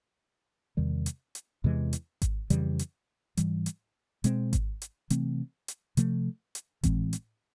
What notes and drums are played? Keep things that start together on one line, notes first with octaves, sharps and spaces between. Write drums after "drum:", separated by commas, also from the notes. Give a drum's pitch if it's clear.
E2 C3 D#3 G3
drum: hi-hat
drum: hi-hat
E2 C3 E3 G#3
drum: hi-hat
drum: kick G#1, hi-hat
F2 C#3 E3 G3, drum: hi-hat
drum: hi-hat
G#2 E3 G3, drum: hi-hat
drum: hi-hat
B2 G#3 C4, drum: hi-hat
drum: kick G#1, hi-hat
drum: hi-hat
C3 E3 A3 C4, drum: hi-hat
drum: hi-hat
C3 F3 A3, drum: hi-hat
drum: hi-hat
A2 E3 G#3 C4, drum: kick G#1, hi-hat
drum: hi-hat